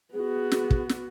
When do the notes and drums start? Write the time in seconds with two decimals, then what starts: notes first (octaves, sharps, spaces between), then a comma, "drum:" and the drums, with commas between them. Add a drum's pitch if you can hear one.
0.14 B3 F#4 G#4
0.52 drum: snare
0.70 drum: kick
0.89 drum: snare